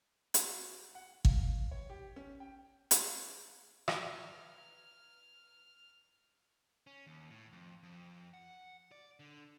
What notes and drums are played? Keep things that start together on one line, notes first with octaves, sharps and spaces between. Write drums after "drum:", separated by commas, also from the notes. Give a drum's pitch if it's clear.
drum: hi-hat
F#4
F#5
F5, drum: kick
C#5
G4
C#4
G5
drum: hi-hat
B4 A#5 F6 G#6, drum: rim click
C#4
D#2
A2
F2
F2
F#5
D5
D3